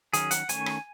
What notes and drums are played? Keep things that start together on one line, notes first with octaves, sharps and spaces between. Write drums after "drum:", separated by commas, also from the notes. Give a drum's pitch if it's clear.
D#3 F#3 C#4 G#4, drum: hi-hat
F#5, drum: hi-hat
D#3 A3 C#4 G#5, drum: hi-hat
drum: rim click